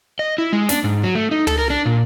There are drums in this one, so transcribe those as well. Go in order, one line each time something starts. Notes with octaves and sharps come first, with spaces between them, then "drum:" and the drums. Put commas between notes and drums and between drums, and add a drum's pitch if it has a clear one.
D#5
E4
G#3
D4, drum: snare
G#2
F#3
A3
D#4
A4, drum: tom
A#4
D4
A#2